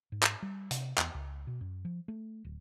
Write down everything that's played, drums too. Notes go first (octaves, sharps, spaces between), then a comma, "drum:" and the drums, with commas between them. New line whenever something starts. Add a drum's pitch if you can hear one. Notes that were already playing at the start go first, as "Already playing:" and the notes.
G#2
drum: clap
G3
C3, drum: hi-hat
E2, drum: clap
C#2
B2
F#2
F3
A3
D1